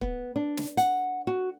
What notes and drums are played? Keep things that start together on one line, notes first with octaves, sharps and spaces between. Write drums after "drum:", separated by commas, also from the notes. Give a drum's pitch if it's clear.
B3, drum: kick
D4
drum: snare
F#5, drum: hi-hat
F#4